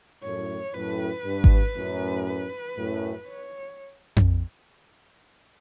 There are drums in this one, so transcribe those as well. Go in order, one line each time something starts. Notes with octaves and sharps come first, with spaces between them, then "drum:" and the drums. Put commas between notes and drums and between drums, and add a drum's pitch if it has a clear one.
F#2 A2 C#5
F#2 A2 B4
G2
drum: kick G#1
F#2 A2
B4
F#2 A2
C#5
drum: tom F2